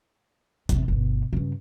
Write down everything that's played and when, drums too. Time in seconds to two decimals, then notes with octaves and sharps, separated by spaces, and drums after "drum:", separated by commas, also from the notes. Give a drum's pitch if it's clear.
0.69 E2 C3, drum: kick G1, hi-hat
0.88 G1 B2
1.33 G2 C#3